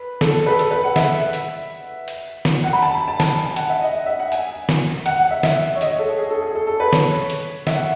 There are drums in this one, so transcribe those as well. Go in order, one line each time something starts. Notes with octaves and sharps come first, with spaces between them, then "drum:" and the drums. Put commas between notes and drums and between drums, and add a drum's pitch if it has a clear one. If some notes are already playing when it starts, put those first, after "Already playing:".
Already playing: B4
A4, drum: snare
A4
B4
G#4
A4, drum: hi-hat
B4
F#5
E5, drum: snare
drum: hi-hat
drum: hi-hat
drum: snare
F#5
B5
A5
B5
A5
A5, drum: snare
G#5
F#5, drum: hi-hat
E5
D#5
D#5
E5
F#5
G#5, drum: hi-hat
drum: snare
F#5, drum: hi-hat
F#5
E5
E5, drum: snare
C#5
D#5, drum: hi-hat
C#5
A4
G#4
G#4
A4
G#4
A4
A4
B4
C#5, drum: snare
drum: hi-hat
E5, drum: snare
F#5